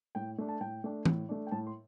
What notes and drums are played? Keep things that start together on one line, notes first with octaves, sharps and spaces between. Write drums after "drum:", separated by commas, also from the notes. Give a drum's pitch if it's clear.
A2 G5
A3 D4
A5
A2 G5
A3 D4
A2, drum: tom
A3 D4
G5
A2 A5
C6